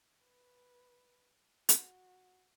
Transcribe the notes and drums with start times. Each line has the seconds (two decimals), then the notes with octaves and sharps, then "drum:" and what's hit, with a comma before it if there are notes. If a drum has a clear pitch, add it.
0.24 B4
1.69 F#4, drum: hi-hat